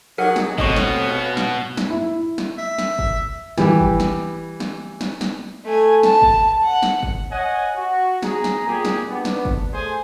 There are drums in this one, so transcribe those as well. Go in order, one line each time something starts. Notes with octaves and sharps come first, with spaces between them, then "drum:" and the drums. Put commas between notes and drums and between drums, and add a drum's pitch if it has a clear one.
F#3 D#4 G4 G#4 A#4 F#5
drum: snare
B2 A3 C4 C#4 G4 D#5 C#6, drum: kick F#1
drum: snare
B4 F5
drum: snare
drum: snare
E4
drum: snare
E5
drum: snare
drum: kick F#1
E3 G3 G4, drum: snare
drum: kick F#1
drum: snare
drum: snare
drum: snare
drum: snare
A3 G#5
A5, drum: snare
drum: kick F#1
F#5
drum: snare
drum: kick F#1
C#5 D#5 F#5 G#5
F#4
G#4 A#5, drum: snare
drum: snare
A#2 G4 G#4
drum: snare
B3 D4
drum: snare
drum: kick F#1
A3 G#4 C5 G#5